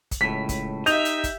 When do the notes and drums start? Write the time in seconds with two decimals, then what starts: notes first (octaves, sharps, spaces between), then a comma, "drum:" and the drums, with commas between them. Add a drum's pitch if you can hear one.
0.11 drum: kick, hi-hat
0.21 C#2 A2 B6
0.49 drum: kick, hi-hat
0.86 D#4 G4 D#5 E5 G6 F7, drum: hi-hat
1.05 drum: hi-hat
1.24 drum: kick, hi-hat